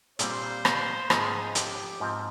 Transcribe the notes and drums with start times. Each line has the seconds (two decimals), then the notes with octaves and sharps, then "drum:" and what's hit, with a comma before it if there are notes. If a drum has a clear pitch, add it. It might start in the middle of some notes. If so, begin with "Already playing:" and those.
0.19 A#2 G3 C4 C5, drum: hi-hat
0.65 drum: rim click
1.10 G#2 F3 C4 G#4, drum: rim click
1.55 G4, drum: hi-hat
2.00 G#2 F3 C4